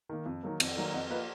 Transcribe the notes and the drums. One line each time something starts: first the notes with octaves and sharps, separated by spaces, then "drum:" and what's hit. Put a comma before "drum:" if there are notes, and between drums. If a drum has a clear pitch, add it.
D#3 A#3
F2
D#3 F#3 A#3
F2, drum: cymbal
D#3 F#3 A#3
F2 D#5 F#5
F3 A#3 B4 D#5